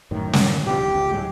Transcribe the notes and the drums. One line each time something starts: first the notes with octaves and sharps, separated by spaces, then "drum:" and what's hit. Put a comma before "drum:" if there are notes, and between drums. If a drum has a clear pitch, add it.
F#2 A2 D#3
drum: snare
B2 D3 F3 G4
D#1
C#2
G#2 F#3 G#3